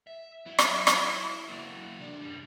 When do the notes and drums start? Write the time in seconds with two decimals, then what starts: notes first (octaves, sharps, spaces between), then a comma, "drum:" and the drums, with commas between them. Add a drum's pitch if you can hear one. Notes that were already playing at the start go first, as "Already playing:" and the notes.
0.07 E5
0.47 F#3 E4 E5
0.59 drum: rim click
0.87 drum: rim click
1.49 F#2 A#3 E4 F#4
2.00 C2 D4
2.21 F#2 G3